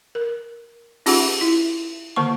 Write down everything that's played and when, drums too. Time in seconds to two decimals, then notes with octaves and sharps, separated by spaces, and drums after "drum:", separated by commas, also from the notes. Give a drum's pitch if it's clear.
0.15 A#4
1.06 C#4 D#4 F4 G4 G#4 F#5, drum: open hi-hat
1.41 E4
2.16 D3 D#3 A#3 A5 C#6